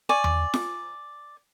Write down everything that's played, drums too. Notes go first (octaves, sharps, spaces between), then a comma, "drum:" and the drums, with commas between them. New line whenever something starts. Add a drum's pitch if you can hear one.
D5 G#5 C#6
drum: tom E2
drum: snare